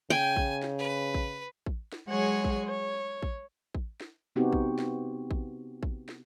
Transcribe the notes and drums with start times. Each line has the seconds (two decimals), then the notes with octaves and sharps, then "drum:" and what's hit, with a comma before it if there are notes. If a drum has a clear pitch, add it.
0.10 C#3 G5 G#5
0.36 drum: kick A1
0.62 drum: snare
0.78 B4
1.14 drum: kick A1
1.66 drum: kick A1
1.92 drum: snare
2.07 F#3 G#3 G#4 C#5 F#5 G#5
2.44 drum: kick A1
2.65 C#5
3.23 drum: kick A1
3.75 drum: kick A1
4.01 drum: snare
4.36 C3 B3 C4 D#4 F#4 G4
4.53 drum: kick A1
4.79 drum: snare
5.31 drum: kick A1
5.83 drum: kick A1
6.09 drum: snare